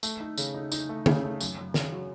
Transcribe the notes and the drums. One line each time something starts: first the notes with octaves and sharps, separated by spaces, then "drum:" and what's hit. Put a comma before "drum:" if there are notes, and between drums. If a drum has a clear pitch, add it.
A3, drum: tambourine
D#4
C#3, drum: tambourine
D#4
D#4, drum: tambourine
A3
C#3, drum: tom D3
A3
F#2, drum: tambourine
F#2
C#3, drum: snare
F#3